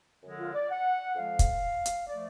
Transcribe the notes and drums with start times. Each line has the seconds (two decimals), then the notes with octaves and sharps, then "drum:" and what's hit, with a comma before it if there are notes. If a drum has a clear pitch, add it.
0.23 F#2 D3 F3 G#3
0.38 F4
0.54 D5
0.70 F#5
1.15 F2 F3 G#3 F5
1.39 drum: kick, hi-hat
1.86 drum: hi-hat
2.09 F3 A3 D5